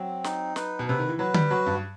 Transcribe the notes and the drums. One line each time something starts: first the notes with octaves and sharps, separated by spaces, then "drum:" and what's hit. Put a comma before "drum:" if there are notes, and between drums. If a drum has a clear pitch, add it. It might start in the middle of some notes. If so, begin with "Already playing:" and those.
Already playing: F#3 C4
D#4, drum: snare
B4, drum: snare
B2
C3 B4
D#3
E3
F#3 B4
G3, drum: tom D3
F#3 F#4
G2